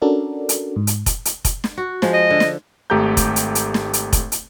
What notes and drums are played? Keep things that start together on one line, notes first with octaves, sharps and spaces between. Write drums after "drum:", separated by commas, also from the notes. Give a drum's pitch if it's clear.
C#4 D4 F#4 A4 A#4 D5
drum: hi-hat
G#2
drum: hi-hat
drum: kick F1, hi-hat
drum: hi-hat
drum: kick F1, hi-hat
drum: snare
F#4
F3 G#3, drum: snare
D#5
D3
drum: snare
G#1 A3 G4 A4 A#5 G6
drum: kick F1, hi-hat
drum: hi-hat
drum: hi-hat
drum: snare
drum: hi-hat
drum: kick F1, hi-hat
drum: hi-hat